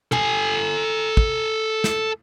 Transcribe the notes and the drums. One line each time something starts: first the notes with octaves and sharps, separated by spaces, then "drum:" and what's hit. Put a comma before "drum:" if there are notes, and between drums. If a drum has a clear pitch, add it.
A4 G#5, drum: tom
drum: kick
drum: snare